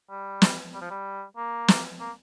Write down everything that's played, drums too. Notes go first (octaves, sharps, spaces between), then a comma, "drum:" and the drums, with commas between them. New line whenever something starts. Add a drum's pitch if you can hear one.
G3
drum: snare
G3
F3
G3
A#3
drum: snare
A#3